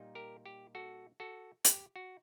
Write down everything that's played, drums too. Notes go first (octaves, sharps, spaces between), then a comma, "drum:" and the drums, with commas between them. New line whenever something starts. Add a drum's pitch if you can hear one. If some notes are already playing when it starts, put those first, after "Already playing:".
Already playing: A#2 G3 A#3 D#4
G4 A#4
G4
F#4 A4
F#4 A4
G4, drum: hi-hat
F#4